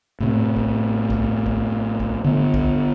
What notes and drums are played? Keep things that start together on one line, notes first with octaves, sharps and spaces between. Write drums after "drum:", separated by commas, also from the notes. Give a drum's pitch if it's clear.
A2 C3
drum: kick A#1
drum: kick A#1
drum: kick A#1
drum: kick A#1
D3 B3
drum: kick A#1